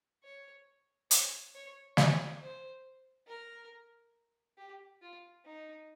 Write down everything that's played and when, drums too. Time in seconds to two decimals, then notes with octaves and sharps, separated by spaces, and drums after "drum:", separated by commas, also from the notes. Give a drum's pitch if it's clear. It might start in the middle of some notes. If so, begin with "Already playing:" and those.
0.24 C#5
1.11 C#5, drum: hi-hat
1.55 C#5
1.97 C#5, drum: snare
2.42 C5
3.27 A#4
4.57 G4
5.02 F4
5.45 D#4